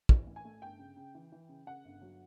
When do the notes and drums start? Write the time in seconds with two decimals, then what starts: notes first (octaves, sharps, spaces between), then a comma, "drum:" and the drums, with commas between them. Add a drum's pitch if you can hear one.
0.09 E3, drum: kick
0.26 A1
0.36 G#5
0.45 A3
0.62 G1 G5
0.79 C#3
0.96 C#3
1.15 E3
1.32 E3
1.49 C#3
1.66 C#3 F#5
1.84 G1
2.01 F#3